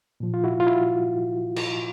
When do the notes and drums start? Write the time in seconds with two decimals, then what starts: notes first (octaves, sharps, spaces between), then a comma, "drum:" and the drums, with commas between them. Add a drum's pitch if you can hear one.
0.20 A#2 F3
0.34 F4
0.44 E4 F#4
0.60 F4
0.67 E4 F#4
1.56 drum: cymbal